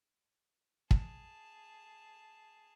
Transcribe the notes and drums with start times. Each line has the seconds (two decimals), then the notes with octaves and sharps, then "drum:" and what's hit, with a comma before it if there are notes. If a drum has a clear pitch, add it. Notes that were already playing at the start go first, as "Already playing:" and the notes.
0.91 G#4 A5, drum: kick